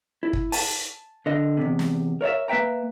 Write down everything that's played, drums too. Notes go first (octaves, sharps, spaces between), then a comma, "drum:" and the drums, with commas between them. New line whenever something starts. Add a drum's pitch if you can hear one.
E4
drum: kick
G#5 A5, drum: open hi-hat
D3 D#5
E2 C3
drum: snare
A#4 C#5 D5 E5
A#3 B4 E5 G5 A#5